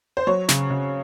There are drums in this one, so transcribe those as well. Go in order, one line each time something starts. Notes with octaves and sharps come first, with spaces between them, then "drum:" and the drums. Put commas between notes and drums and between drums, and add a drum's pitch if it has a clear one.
C5
F#3 C#5
C#3, drum: snare
C#3